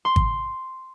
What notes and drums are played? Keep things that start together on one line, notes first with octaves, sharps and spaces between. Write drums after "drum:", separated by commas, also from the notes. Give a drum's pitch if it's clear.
C6
drum: kick G#1